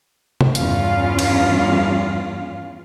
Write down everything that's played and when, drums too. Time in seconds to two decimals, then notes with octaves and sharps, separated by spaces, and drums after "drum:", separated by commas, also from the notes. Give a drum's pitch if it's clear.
0.41 drum: tom C3
0.55 E2 G2 C#4 F4 F5, drum: hi-hat
1.19 drum: cymbal